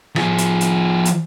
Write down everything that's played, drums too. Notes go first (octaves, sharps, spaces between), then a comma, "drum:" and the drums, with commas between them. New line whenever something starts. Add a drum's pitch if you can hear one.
F3 G#4, drum: rim click
drum: hi-hat
drum: hi-hat
drum: hi-hat